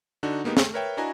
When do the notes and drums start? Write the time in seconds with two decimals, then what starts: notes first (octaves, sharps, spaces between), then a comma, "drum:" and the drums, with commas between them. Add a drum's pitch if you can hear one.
0.23 D3 D4 D#4 F#4
0.44 G#3 A#3 B3 D#4 G4
0.57 A3, drum: snare
0.74 A#4 B4 C#5 E5 G5
0.97 D4 E4 F#4 D#5 G#5 A#5